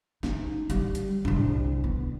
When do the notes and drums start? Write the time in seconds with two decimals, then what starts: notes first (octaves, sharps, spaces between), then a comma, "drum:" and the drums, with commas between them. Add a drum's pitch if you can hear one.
0.23 D#4, drum: snare
0.70 G3, drum: hi-hat
0.95 drum: hi-hat
1.25 C2 D4, drum: tom G#2
1.84 B3